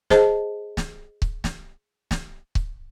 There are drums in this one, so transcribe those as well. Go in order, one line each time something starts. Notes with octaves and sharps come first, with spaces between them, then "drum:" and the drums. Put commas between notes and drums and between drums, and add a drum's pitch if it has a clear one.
G#4 C5 D#5 A5, drum: snare
drum: snare
drum: kick C#1
drum: snare
drum: snare
drum: kick C#1